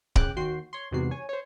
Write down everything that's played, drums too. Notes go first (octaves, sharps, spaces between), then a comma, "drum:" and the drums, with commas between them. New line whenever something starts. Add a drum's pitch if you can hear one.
C#3 G5 D6 F#6, drum: kick D1
D#2 F#4 G5 C6 C7
C#5 C6
E2 G#2 C3 B3 F#4 C7
C#5 G#5
C5 C#5